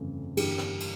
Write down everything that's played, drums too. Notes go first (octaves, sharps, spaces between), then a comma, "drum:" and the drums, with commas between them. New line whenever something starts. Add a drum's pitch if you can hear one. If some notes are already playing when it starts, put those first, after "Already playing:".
Already playing: G1 F2 C#3 E3 A3
G1 G2 E3 A#3 G4, drum: cymbal
drum: rim click
drum: cymbal